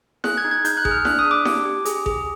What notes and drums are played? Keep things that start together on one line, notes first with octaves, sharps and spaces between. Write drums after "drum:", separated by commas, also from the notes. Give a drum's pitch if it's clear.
G#4 F#6, drum: snare E4
G#6
D#4
G#6
D#4 G6, drum: hi-hat
F#6
G#4, drum: kick A1
F6
D4 F#6, drum: snare E4
D#6
D4
D6
G4, drum: snare E4
G4
G#4, drum: hi-hat
G#4, drum: kick A1